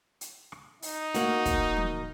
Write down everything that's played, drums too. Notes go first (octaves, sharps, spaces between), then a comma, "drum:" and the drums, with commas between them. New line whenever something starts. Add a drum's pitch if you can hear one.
drum: hi-hat
drum: rim click
D#4, drum: open hi-hat
A#3 F#4, drum: hi-hat
drum: kick, hi-hat
drum: tom F3